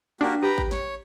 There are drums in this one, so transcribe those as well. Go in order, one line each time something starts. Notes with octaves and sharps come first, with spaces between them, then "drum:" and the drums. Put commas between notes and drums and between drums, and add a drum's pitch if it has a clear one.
A#3 D4 F#4 G4
G4 B4 G5 A#5
drum: kick G#1
C#5, drum: snare